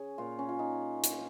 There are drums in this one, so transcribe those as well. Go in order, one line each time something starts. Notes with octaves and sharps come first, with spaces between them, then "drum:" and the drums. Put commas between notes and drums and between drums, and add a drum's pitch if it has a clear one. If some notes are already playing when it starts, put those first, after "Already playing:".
Already playing: C#3 G#4 C#5
A#2 A#3 F4
C#4
F4
D#4
drum: hi-hat